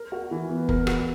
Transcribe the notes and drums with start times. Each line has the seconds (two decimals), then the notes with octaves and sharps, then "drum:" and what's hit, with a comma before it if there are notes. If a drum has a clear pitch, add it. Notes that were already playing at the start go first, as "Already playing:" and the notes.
Already playing: A#4
0.12 F#4
0.31 E3
0.50 B3
0.69 A#4, drum: kick
0.87 F#4, drum: rim click